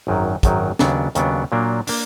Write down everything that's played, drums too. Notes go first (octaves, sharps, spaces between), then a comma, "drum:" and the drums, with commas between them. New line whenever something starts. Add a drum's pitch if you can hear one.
G#1 F#2 D#3 F#3
G#1 F#2 D#3 F#3, drum: kick, hi-hat
D#2 C#3 F#3 B3 D4, drum: snare
D#2 C#3 F#3 B3 D4, drum: hi-hat
A#2 F#3 A#3 D4
A#3 D4, drum: open hi-hat